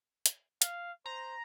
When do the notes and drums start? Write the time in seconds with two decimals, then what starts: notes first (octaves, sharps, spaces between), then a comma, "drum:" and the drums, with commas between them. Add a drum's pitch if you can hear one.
0.26 drum: hi-hat
0.62 F5, drum: hi-hat
1.06 C5 A#5